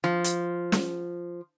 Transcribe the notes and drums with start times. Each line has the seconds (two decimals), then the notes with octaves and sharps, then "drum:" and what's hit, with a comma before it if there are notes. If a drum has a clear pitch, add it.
0.04 F3
0.24 drum: hi-hat
0.72 drum: snare